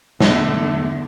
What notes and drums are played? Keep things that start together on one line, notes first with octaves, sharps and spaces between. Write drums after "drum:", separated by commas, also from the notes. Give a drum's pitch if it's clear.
E2 D3 A3, drum: snare